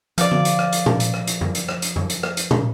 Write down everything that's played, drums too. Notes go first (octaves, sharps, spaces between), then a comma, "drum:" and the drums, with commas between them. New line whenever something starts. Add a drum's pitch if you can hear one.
F3 D5 F5, drum: hi-hat
drum: tom D3
drum: hi-hat
drum: rim click
drum: hi-hat
drum: tom A#2
drum: hi-hat
drum: rim click
drum: hi-hat
drum: tom F2
drum: hi-hat
drum: rim click
drum: hi-hat
drum: tom F2
drum: hi-hat
drum: rim click
drum: hi-hat
drum: tom A#2